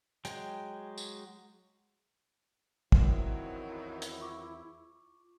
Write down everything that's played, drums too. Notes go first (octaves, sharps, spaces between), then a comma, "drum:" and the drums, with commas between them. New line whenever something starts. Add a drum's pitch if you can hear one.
F#3 G#3 G5, drum: hi-hat
drum: tambourine
E2 G#2 D#3 F3 F#3 C4 E4, drum: kick
drum: hi-hat
F4 C#6 D6